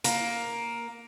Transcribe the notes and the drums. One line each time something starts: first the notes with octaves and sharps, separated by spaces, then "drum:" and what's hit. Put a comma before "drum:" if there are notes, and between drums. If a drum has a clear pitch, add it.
A#3, drum: hi-hat